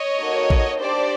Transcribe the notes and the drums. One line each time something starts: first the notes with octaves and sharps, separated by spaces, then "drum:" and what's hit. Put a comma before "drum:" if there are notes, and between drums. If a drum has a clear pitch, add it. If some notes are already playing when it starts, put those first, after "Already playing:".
Already playing: C#5 D#5
A#3 D#4 F#4 A4
drum: kick A#1
D4 G4 C5 D5